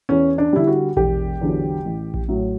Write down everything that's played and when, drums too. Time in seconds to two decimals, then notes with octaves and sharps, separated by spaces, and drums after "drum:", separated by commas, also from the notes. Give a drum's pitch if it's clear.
0.09 E2 C#4
0.38 D4
0.53 D3 G3 E4
0.67 F#4
0.97 E1 G4, drum: kick A#1
1.41 E2 D3 F#3
1.85 A1
2.14 drum: kick A#1
2.28 A2 F#3